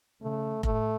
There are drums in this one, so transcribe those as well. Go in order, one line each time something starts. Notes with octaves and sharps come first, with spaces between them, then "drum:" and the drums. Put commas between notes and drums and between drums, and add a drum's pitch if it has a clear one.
C#3 A3
A2 A3, drum: kick F1